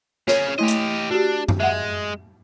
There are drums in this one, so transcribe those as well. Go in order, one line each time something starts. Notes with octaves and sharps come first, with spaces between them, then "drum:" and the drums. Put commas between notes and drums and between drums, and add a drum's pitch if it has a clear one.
C#4 G#4 C#5, drum: snare
A3 E4 G4 D#5
drum: hi-hat
D4 F#4 G4
drum: tom F#2
G#3 E5 F#5